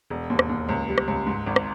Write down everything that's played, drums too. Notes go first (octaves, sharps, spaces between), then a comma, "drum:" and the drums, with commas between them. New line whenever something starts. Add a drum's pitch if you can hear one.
E1
D#2
drum: rim click
D#2
C#2
G3
drum: rim click
C#2
G#2
G#1
drum: rim click